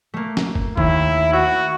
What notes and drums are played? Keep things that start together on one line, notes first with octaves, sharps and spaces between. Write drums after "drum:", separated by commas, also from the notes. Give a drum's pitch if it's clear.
A3 A#3
drum: snare
drum: kick
D#2 E4, drum: kick
F#4 E5